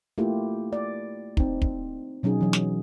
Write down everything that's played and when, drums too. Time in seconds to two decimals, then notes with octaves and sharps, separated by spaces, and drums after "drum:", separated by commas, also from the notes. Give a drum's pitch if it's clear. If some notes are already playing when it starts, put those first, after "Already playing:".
0.18 A3 A#3 E4 F4 G4
0.73 D5
1.37 C4 D#4, drum: kick
1.62 drum: kick
2.23 B2 F#3 C#4 D#4 G#4
2.41 E3 F#3
2.53 drum: snare